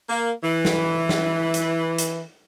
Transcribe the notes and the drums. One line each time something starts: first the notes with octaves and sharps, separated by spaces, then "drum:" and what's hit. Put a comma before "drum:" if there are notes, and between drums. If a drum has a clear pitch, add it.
A#3
E3
drum: snare
drum: snare
drum: hi-hat
drum: hi-hat